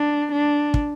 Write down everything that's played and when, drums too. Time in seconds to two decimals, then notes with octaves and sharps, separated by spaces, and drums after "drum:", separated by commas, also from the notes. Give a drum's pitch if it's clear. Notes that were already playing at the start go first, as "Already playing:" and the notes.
Already playing: D4
0.32 D4
0.74 drum: kick